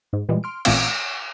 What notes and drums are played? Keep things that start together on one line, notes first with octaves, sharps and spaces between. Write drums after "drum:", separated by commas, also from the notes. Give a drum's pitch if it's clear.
G#2
A#2 E3 G3 G#3
C6 F6 D7
A1 A#2 A3 C4 F5, drum: cymbal
A#6